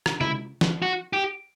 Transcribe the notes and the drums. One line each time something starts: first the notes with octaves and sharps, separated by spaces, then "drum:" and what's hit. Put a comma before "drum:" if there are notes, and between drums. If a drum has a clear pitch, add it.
drum: rim click
E4, drum: tom C3
drum: snare
F#4
G4